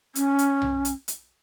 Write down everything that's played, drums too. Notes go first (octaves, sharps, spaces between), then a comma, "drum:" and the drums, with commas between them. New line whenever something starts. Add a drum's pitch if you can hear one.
C#4, drum: hi-hat
drum: hi-hat
drum: tom B1
drum: hi-hat
drum: hi-hat